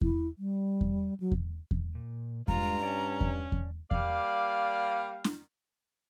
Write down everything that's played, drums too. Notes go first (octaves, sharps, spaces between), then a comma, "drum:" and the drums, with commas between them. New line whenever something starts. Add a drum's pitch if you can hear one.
E4, drum: kick E2
G3
drum: kick E2
F#3
drum: kick E2
drum: kick E2
A#2
G2 G#3 F4 A#5, drum: kick E2
C#4 D5 A5
drum: kick E2
drum: kick E2
G3 A#3 D5 F5, drum: kick E2
drum: snare